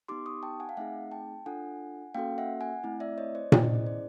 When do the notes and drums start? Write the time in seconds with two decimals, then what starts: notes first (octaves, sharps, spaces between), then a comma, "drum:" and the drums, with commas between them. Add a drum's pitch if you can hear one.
0.08 B3 D#4 G4 C6 D6
0.26 C#6 D#6
0.43 G5 A5
0.60 F#5 G#5
0.69 F5
0.77 A3 C4 D#4 G#4 E5 F#5
1.11 G5 A5
1.46 D4 F4 A4 F#5 G#5
2.15 A#3 C#4 F#4 A4 F5 G5
2.38 E5 F#5
2.61 F#5 G#5
2.83 A3 C4 E4
3.00 D5 E5
3.18 C#5 D#5
3.35 C5 D5
3.52 C#4 E4 G#4 D5, drum: tom A#2
3.63 D#5
3.74 C5 D5
3.86 C5 D5